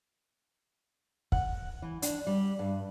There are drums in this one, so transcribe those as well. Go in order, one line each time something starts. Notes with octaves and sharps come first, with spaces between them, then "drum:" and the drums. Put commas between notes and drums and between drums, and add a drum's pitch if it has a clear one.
F#5, drum: kick
E3
D4, drum: hi-hat
G3
G2